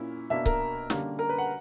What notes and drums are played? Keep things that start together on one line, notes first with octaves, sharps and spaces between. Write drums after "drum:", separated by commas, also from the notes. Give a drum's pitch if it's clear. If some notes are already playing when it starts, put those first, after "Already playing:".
Already playing: A#2 A#3 C#4 E4
B2 A#3 D4 E5
A#4, drum: kick C#1
D3 G3 A#3 C#4, drum: snare
A#4
B4
F#5